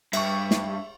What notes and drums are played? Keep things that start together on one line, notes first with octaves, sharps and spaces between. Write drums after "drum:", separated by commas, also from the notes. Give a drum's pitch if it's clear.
G2 E5 C#6, drum: cymbal
drum: snare